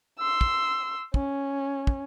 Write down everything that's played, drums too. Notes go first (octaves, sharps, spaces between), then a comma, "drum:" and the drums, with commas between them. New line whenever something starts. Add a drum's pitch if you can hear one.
C6 E6
drum: kick
C#4, drum: kick
drum: kick